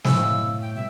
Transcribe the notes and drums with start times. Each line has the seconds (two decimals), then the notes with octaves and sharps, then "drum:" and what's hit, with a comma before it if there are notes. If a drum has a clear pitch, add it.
0.04 A2 C5 D#5 G#5 E6, drum: snare
0.21 F#2 F5
0.62 G5
0.75 B2 G3 E5